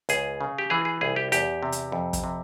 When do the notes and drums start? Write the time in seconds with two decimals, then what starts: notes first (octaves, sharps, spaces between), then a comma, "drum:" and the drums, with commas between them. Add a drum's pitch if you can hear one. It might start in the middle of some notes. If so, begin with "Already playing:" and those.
0.09 C#2 G#4, drum: hi-hat
0.41 C#3
0.59 G4
0.70 E3 G#4
0.85 G#4
1.01 C2 G#4
1.16 G4
1.32 E2 G4, drum: hi-hat
1.63 C3
1.72 drum: hi-hat
1.92 F2
2.13 drum: kick, hi-hat
2.24 C3